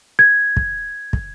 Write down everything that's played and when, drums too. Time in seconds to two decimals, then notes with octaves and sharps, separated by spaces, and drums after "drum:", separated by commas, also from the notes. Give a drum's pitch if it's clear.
0.19 G#6
0.57 drum: kick
1.13 drum: kick